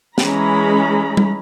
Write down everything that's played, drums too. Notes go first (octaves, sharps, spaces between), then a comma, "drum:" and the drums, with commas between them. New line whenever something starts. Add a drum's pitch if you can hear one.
E3 G#3 C#4 G#4 A#5 B5, drum: snare
drum: tom G3